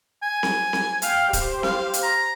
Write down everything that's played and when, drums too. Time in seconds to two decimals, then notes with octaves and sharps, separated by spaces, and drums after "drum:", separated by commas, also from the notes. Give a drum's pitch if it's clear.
0.22 G#5
0.43 drum: snare C4
0.73 drum: snare C4
1.02 F5 G5, drum: hi-hat
1.33 G4 C5, drum: kick C#1, hi-hat
1.63 F5, drum: snare C4
1.93 drum: hi-hat
2.03 A#5